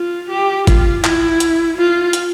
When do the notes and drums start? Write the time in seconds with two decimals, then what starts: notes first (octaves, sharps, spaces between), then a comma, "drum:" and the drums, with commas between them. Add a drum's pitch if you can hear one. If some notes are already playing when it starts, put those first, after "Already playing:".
Already playing: F4
0.31 G4
0.67 F4, drum: kick, hi-hat
1.04 E4, drum: clap
1.40 drum: hi-hat
1.77 F4
2.13 drum: hi-hat